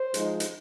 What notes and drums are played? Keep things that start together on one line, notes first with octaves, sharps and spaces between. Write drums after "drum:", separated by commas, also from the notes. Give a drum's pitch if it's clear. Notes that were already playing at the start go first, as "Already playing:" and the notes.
Already playing: C5
F3 G#3 D#4, drum: hi-hat
drum: hi-hat